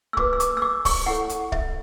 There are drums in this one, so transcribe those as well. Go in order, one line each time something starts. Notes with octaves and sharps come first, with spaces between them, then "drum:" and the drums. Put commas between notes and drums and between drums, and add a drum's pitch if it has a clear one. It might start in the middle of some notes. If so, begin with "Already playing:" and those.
E6
F#4 B4 D6, drum: kick
E6
D6, drum: hi-hat
E6
D6
C#6, drum: kick, open hi-hat
E4 A4 C#5 F#5
drum: hi-hat
E5, drum: kick